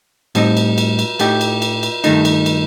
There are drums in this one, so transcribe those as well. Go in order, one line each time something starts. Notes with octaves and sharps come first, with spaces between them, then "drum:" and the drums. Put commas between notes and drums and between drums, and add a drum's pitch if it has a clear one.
A2 G3 C4 D#4, drum: cymbal
drum: cymbal
drum: cymbal
drum: cymbal
A2 A3 D#4 G4, drum: cymbal
drum: cymbal
drum: cymbal
drum: cymbal
G2 D#3 A3 D#4, drum: cymbal
drum: cymbal
drum: cymbal